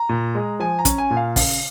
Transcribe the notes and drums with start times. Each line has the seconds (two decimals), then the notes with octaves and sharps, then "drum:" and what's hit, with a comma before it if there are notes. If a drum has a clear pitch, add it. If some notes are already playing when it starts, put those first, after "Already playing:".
Already playing: A#5
0.09 A#2
0.35 G#3
0.60 F3 G#5
0.79 A#5
0.85 C#4, drum: kick, hi-hat
0.98 G#5
1.10 A#2
1.17 F5
1.36 C#3 F5, drum: kick, open hi-hat